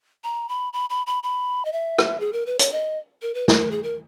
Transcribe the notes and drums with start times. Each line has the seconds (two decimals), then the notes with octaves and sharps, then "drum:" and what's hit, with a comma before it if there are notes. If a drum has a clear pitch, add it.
0.24 A#5
0.49 B5
0.73 B5
0.90 B5
1.07 B5
1.23 B5
1.65 D#5
1.72 E5
1.98 drum: rim click
2.20 G#4
2.33 A#4
2.46 B4
2.59 C#5, drum: hi-hat
2.72 D#5
3.22 A#4
3.34 B4
3.48 A#4, drum: snare
3.71 G#4
3.83 A#4